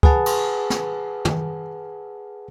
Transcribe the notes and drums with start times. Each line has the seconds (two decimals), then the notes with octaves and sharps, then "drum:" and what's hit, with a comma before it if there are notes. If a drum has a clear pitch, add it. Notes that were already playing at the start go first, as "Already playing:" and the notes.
0.03 G#4 B4 F#5 A5, drum: kick
0.26 drum: cymbal
0.70 drum: snare
1.25 drum: tom